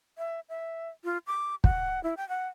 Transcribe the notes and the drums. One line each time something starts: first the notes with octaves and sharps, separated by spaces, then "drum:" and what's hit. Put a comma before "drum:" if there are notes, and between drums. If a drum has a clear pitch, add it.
E5
E5
F4
D6
F#5, drum: kick
E4
G5
F#5